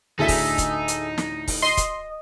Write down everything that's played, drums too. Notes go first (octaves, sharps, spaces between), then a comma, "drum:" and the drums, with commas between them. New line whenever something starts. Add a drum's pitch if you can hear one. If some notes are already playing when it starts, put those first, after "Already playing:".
D2 A2 D3 D#4 G#4 A4 E5
drum: kick, open hi-hat
drum: kick, hi-hat
drum: hi-hat
drum: snare
drum: kick, open hi-hat
D#5 C6
drum: kick, hi-hat